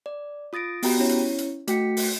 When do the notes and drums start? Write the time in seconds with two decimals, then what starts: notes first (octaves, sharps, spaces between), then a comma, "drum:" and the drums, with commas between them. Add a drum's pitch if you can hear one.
0.06 D5
0.53 F4 D#6 A6 A#6 D7
0.83 B3 F#4 G4 G5 A#5 B5, drum: open hi-hat
0.99 C#4 E4 C#5
1.09 drum: hi-hat
1.38 drum: hi-hat
1.68 A3 F#4 G5 B6 C#7, drum: hi-hat
1.97 drum: open hi-hat